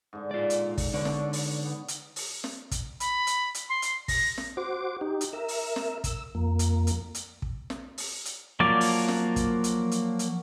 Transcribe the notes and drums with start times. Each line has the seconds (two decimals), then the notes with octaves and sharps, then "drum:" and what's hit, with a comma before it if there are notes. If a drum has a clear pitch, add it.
0.13 G#2 D3
0.31 F4 D5
0.50 drum: hi-hat
0.78 drum: kick, open hi-hat
0.93 B2 D3 B4 C#5 D5
1.05 drum: snare
1.33 drum: open hi-hat
1.65 B3
1.88 drum: hi-hat
2.16 drum: open hi-hat
2.44 drum: snare
2.71 drum: kick, hi-hat
3.00 B5, drum: hi-hat
3.27 drum: hi-hat
3.55 drum: hi-hat
3.69 C6
3.82 drum: hi-hat
4.08 A#6, drum: kick, open hi-hat
4.38 drum: snare
4.57 F#4 C5 D6
5.01 D#4 G4
5.21 drum: hi-hat
5.33 A#4 E5
5.48 drum: open hi-hat
5.76 drum: snare
6.04 E6, drum: kick, hi-hat
6.35 F2 A#3
6.59 drum: hi-hat
6.87 drum: hi-hat
7.15 drum: hi-hat
7.42 drum: kick
7.70 drum: snare
7.98 drum: open hi-hat
8.25 drum: hi-hat
8.60 F3 F#3 A#3 D5
8.81 drum: open hi-hat
9.08 drum: snare
9.36 drum: kick, hi-hat
9.64 drum: hi-hat
9.91 drum: hi-hat
10.19 drum: hi-hat